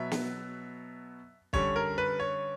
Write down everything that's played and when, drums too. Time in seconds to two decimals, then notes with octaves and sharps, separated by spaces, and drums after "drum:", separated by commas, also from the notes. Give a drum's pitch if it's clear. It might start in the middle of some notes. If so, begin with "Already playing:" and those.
Already playing: B2 F#3 B3 E5
0.11 drum: snare
1.53 D3 G3 C#4 C#5, drum: kick
1.76 A#4
1.98 B4
2.20 C#5